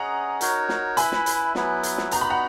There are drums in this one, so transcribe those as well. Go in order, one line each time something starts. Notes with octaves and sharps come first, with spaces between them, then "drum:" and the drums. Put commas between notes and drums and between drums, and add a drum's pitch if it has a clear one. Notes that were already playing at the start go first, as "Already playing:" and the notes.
Already playing: C#4 G#4 D#5 F#5 A#5
D#4 F#4 A#4 C#5, drum: hi-hat
drum: snare
E4 B4 E5 G#5 B5, drum: hi-hat
drum: snare
drum: hi-hat
F#3 B3 E4 B4, drum: snare
drum: hi-hat
drum: snare
B3 D#4 F#4 A#5, drum: hi-hat
B5
F#5 A#5